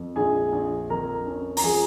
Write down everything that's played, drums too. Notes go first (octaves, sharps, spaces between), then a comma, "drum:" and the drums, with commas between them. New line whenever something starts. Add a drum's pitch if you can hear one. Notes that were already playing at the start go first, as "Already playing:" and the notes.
Already playing: F2
A#1 G#4 G#5
A#1
F2 A#4 A#5
C#4
A#5, drum: open hi-hat
F3 G#4 G#5